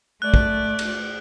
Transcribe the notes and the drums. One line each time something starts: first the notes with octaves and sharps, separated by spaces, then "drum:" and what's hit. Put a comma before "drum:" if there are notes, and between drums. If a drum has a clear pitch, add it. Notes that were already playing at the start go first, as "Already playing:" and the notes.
A3 D5 F#6
drum: kick
drum: cymbal